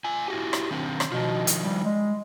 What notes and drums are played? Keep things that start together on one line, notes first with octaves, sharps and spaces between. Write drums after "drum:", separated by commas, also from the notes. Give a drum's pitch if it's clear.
F4 G#5
E4 F#4 G4
drum: rim click
D#3 C4 D4
drum: rim click
B2 D#3 F3 F4
drum: hi-hat
G3
G#3